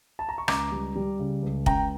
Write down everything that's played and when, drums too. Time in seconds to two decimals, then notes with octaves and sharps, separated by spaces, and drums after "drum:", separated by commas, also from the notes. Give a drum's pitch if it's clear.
0.19 A5
0.29 A#5
0.38 C#6
0.48 C#2 A#5 D6, drum: rim click
0.71 G3
0.96 G3
1.19 C#3
1.43 C#2
1.66 C#2 G5 A#5, drum: kick F1